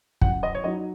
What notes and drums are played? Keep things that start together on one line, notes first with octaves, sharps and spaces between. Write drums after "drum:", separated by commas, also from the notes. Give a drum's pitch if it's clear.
F#2 F#5, drum: kick
D#5
C#5
F#3 D#4 D#5